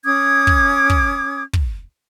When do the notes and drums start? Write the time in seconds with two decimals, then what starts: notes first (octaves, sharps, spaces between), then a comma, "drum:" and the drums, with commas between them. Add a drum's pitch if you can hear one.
0.04 C#4 D6 D#6 G#6
0.47 drum: kick
0.90 drum: kick
1.53 drum: kick